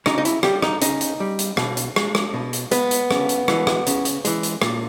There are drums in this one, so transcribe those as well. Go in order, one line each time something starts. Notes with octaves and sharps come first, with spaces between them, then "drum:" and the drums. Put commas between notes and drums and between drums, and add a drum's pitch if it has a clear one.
C#3 D#4, drum: rim click
D#4
E4, drum: hi-hat
G3 G4, drum: rim click
D#4, drum: rim click
C#3 D#4, drum: hi-hat
drum: hi-hat
G3
drum: hi-hat
B2, drum: rim click
drum: hi-hat
G#3, drum: rim click
drum: rim click
B2
drum: hi-hat
G#3 B3, drum: hi-hat
drum: hi-hat
C#3, drum: rim click
drum: hi-hat
E3 G#3, drum: rim click
drum: rim click
C#3, drum: hi-hat
drum: hi-hat
E3 G#3, drum: hi-hat
drum: hi-hat
A#2, drum: rim click